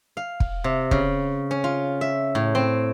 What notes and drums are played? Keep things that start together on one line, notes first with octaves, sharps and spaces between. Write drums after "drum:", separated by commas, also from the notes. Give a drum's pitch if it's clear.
F5
drum: kick
C3
C#3, drum: kick
C#4
F4
E5
A2
C4